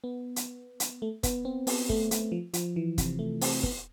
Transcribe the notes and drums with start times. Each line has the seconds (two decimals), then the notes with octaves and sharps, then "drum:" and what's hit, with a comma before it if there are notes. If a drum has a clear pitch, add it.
0.04 B3
0.36 drum: hi-hat
0.80 drum: hi-hat
1.02 A3
1.23 B3, drum: kick, hi-hat
1.45 C4
1.67 B3, drum: open hi-hat
1.89 A3, drum: kick
2.11 A3, drum: hi-hat
2.32 F3
2.54 F3, drum: hi-hat
2.76 E3
2.98 C3, drum: kick, hi-hat
3.19 A3
3.41 C4, drum: open hi-hat
3.63 B3, drum: kick